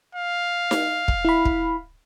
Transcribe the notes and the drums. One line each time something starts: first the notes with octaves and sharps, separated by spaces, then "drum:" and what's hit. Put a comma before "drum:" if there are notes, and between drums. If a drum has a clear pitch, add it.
F5
drum: snare D#4
drum: kick
E4 B5
drum: kick